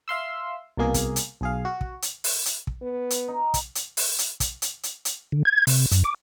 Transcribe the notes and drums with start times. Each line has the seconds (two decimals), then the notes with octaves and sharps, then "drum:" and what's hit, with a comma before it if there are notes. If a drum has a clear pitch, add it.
0.08 E5 F5 C6 E6
0.77 C2 B2 A#3 G#4
0.94 drum: kick, hi-hat
1.16 drum: hi-hat
1.41 B1 G#4 F5
1.65 F#4
1.81 drum: kick
2.02 drum: hi-hat
2.24 drum: open hi-hat
2.46 drum: hi-hat
2.67 drum: kick
2.82 B3
3.10 drum: hi-hat
3.28 D#4
3.54 drum: kick, hi-hat
3.75 drum: hi-hat
3.97 drum: open hi-hat
4.19 drum: hi-hat
4.40 drum: kick, hi-hat
4.62 drum: hi-hat
4.83 drum: hi-hat
5.05 drum: hi-hat
5.32 D3
5.45 G#6
5.67 C3, drum: open hi-hat
5.92 F#2, drum: hi-hat
6.04 D6